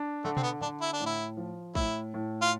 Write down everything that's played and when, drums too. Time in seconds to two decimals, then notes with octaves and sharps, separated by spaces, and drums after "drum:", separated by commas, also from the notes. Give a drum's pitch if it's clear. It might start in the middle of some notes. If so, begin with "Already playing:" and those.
Already playing: D4
0.24 D3 A3
0.37 C4, drum: tom B2
0.43 B3
0.61 D3 D4
0.81 E4
0.93 D4
1.00 A2
1.06 E4
1.37 F3
1.75 A2 E4, drum: kick
2.14 A2
2.42 F4